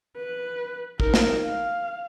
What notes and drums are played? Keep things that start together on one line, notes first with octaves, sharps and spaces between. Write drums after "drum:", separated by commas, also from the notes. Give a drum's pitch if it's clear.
B4
D#4 A#4, drum: kick
drum: snare
F5